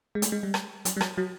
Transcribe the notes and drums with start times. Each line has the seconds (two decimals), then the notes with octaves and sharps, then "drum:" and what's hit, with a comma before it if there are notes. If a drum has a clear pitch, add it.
0.15 G#3
0.22 A3, drum: hi-hat
0.32 G#3
0.43 G3
0.54 drum: rim click
0.85 F#3, drum: hi-hat
0.97 G3
1.01 F#3, drum: rim click
1.18 F#3